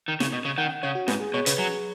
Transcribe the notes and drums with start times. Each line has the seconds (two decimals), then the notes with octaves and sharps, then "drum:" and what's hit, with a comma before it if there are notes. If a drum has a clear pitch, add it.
0.08 D#3
0.20 C#3, drum: snare
0.33 B2
0.45 C#3
0.58 D#3 F#5
0.70 F#5
0.83 C#3 C#5
0.95 F#4
1.08 G#2 B4, drum: snare
1.20 G#4
1.34 B2 C#5
1.46 C#3 B4, drum: hi-hat
1.58 F#3 G#4